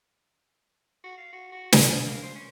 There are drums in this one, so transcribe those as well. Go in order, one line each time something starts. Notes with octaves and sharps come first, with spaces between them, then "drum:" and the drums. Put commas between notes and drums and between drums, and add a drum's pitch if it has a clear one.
F#4
F5
F#4
F#4
G#5, drum: snare
A#3
C5
C#4